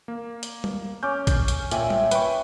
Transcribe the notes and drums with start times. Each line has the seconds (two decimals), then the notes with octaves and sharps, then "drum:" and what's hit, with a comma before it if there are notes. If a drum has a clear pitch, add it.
0.08 A#3
0.43 drum: hi-hat
0.64 drum: tom G3
1.03 C#4 D6 G6
1.27 drum: kick A1, hi-hat
1.48 drum: hi-hat
1.71 A#2 E5 G5 G#5, drum: hi-hat
1.90 drum: tom G3
2.11 B4 G5 C#6, drum: hi-hat